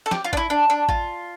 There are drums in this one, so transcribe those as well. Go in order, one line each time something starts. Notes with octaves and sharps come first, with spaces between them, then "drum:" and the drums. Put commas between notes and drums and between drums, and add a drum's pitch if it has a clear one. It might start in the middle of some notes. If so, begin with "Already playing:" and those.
A4
G4, drum: snare
F4
D4, drum: kick A1
E4
D4
D4
F4, drum: kick A1